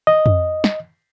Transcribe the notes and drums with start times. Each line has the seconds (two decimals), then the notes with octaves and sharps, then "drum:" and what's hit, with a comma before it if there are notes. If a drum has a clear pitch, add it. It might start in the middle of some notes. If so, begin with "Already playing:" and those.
0.07 D#5
0.26 drum: tom F2
0.64 drum: snare